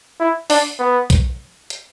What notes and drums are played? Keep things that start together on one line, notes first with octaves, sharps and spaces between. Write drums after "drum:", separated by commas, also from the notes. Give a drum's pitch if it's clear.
E4
D4, drum: open hi-hat
B3
drum: kick, hi-hat
drum: hi-hat